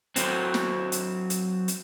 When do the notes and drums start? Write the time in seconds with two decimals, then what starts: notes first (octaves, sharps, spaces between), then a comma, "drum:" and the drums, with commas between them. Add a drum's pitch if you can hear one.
0.16 F#3 C4, drum: hi-hat
0.54 drum: snare
0.92 drum: hi-hat
1.30 drum: hi-hat
1.68 drum: hi-hat